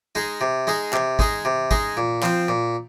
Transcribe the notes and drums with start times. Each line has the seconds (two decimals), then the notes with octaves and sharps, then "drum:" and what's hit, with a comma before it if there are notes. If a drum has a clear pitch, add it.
0.15 G#3 D#4 G#4
0.41 C3
0.67 G#3 D#4 G#4
0.93 C3, drum: clap
1.19 G#3 D#4 G#4, drum: kick
1.45 C3
1.71 G#3 D#4 G#4, drum: kick
1.97 A#2
2.23 F3 C4, drum: clap
2.48 A#2